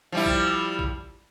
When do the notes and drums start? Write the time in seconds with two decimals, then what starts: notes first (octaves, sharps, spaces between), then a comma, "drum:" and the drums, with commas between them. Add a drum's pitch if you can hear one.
0.12 F3 G3 E4
0.26 drum: kick
0.79 drum: kick